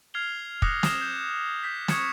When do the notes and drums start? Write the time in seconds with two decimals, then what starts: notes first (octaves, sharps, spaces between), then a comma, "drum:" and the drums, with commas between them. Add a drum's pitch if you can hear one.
0.14 F6 G#6 C7 F7 G7
0.62 D6 D#6 F#6 A#6 C#7, drum: kick
0.83 D#6 F6 G#6 A#6 E7 G7, drum: snare
1.01 G6
1.63 G6 B6
1.88 C#6 D#6 G#6 C#7 E7, drum: snare